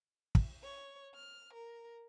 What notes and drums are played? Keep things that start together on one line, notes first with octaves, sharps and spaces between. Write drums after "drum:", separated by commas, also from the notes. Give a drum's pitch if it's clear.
drum: kick
C#5
F6
A#4